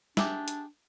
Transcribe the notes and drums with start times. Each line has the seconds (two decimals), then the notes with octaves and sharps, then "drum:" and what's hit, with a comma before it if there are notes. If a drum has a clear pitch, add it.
0.17 D4 G4 G#4 E5, drum: snare
0.48 drum: hi-hat